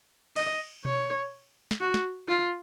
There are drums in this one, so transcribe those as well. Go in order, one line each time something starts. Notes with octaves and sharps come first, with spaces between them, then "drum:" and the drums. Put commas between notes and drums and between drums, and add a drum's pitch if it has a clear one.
D#5, drum: cymbal
C#5, drum: tom B2
drum: snare
F#4
drum: snare
F4